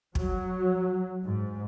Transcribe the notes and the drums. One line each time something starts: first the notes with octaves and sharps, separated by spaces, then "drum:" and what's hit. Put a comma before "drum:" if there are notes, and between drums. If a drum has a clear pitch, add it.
F#3, drum: kick
G#2